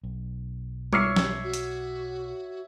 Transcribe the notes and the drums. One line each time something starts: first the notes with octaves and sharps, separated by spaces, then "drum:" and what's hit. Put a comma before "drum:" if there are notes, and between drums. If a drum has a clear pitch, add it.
B1
C#5 E5 D6 F6 C7, drum: tom G3
drum: snare
F#4
drum: hi-hat